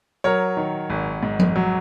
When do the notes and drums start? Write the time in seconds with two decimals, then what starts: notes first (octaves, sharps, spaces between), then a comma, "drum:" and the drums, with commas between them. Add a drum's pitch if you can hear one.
0.24 F#3 A#4 C#5
0.57 D#3
0.90 G#1
1.23 G#2
1.39 drum: tom F3
1.56 F#3